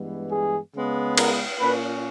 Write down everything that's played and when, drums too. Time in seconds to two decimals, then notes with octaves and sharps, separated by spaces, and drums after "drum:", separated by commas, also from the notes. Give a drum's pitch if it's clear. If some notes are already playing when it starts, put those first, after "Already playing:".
Already playing: G2 E3 G#3 B3
0.31 G#4
0.75 C#3 G#3 B3
1.18 A#4, drum: cymbal
1.60 A#2 A#3 C#4 B4